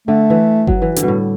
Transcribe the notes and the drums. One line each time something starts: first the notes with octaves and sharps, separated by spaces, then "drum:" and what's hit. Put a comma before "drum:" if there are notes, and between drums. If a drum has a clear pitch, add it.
D3 A3
E3
F#3, drum: kick G1
E3
D3 G3, drum: hi-hat
B2
A2